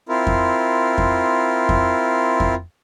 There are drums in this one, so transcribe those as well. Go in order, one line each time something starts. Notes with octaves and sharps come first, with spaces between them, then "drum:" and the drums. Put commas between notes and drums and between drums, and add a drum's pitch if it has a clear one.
C4 E4 F4 A#4
drum: kick F2
drum: kick F2
drum: kick F2
drum: kick F2